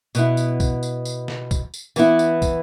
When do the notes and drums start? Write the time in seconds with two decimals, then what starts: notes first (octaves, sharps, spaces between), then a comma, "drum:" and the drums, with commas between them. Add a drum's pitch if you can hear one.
0.15 B2 B3 E4, drum: tambourine
0.37 drum: tambourine
0.60 drum: kick, tambourine
0.83 drum: tambourine
1.05 drum: tambourine
1.28 drum: snare
1.51 drum: kick, tambourine
1.74 drum: tambourine
1.96 E3 B3 E4, drum: tambourine
2.19 drum: tambourine
2.42 drum: kick, tambourine